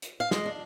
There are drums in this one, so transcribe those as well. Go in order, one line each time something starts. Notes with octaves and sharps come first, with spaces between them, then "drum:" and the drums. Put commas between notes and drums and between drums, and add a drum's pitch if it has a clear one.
drum: hi-hat
F5
G#3 D#5, drum: snare
D4